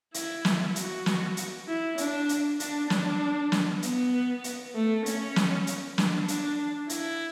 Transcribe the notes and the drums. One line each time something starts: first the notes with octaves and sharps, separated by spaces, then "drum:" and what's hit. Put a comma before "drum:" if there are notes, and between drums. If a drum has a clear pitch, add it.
E4, drum: hi-hat
drum: snare
F#4, drum: hi-hat
drum: snare
drum: hi-hat
E4
D4, drum: hi-hat
drum: hi-hat
D4, drum: hi-hat
D4, drum: snare
drum: snare
B3, drum: hi-hat
drum: hi-hat
A3
C#4, drum: hi-hat
drum: snare
drum: hi-hat
D4, drum: snare
D4, drum: hi-hat
E4, drum: hi-hat